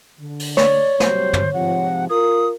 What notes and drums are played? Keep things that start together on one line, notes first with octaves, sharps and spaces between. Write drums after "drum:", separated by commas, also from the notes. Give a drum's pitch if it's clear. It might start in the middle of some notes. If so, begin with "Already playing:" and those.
D3
drum: open hi-hat
C#5 D5, drum: snare
C3 F#3 G3 C5, drum: snare
drum: tom
G#2 C3 F3 F#5
F4 A#4 D#6